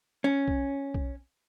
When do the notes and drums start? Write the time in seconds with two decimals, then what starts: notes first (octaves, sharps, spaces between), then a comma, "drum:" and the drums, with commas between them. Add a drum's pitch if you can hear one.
0.24 C#4
0.48 drum: kick B1
0.94 drum: kick B1